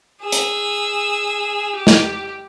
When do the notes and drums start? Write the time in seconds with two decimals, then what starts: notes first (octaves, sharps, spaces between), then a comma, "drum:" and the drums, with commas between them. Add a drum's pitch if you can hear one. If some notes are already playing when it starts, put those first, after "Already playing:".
0.23 G#4 E6
0.32 drum: hi-hat
1.76 G4
1.87 drum: snare